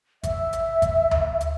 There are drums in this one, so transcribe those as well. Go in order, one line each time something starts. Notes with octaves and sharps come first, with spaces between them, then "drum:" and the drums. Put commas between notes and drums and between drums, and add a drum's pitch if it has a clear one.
E5, drum: kick, hi-hat
drum: hi-hat
drum: kick, hi-hat
drum: tom D2
drum: hi-hat